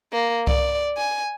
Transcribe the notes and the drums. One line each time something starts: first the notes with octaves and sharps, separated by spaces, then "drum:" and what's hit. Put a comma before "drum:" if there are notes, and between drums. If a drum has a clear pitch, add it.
A#3
D5, drum: kick C2
G#5